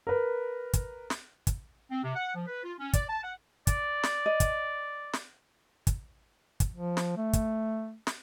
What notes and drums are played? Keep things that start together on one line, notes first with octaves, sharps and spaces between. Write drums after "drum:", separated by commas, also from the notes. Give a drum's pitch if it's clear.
A#4 B4
drum: kick, hi-hat
drum: snare
drum: kick, hi-hat
C4
C3
F#5
F3
B4
F4
C#4
D5, drum: kick, hi-hat
A5
F#5
D5, drum: kick, hi-hat
drum: snare
D#5
drum: kick, hi-hat
drum: snare
drum: kick, hi-hat
drum: kick, hi-hat
F3
drum: snare
A3
drum: kick, hi-hat
drum: snare